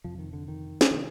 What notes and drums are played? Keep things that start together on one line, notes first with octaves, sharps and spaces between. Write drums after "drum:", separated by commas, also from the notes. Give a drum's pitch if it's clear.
F2 C3 F3
D#3
D3
D#3
drum: snare
C3 D#3